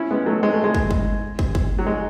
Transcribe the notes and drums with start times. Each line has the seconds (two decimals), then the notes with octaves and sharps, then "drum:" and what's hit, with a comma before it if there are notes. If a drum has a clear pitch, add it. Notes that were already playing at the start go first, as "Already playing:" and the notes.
Already playing: C#4 E4
0.11 G#3 B3
0.26 F#3 A3
0.43 G#3
0.53 A3
0.64 G#3
0.75 drum: kick
0.91 drum: kick
1.39 drum: kick
1.55 drum: kick
1.79 F#3
1.87 G#3